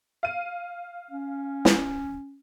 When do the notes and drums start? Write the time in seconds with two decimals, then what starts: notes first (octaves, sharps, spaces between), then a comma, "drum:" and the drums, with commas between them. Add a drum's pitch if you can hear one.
0.23 F5 D#7
1.11 C#4
1.65 drum: snare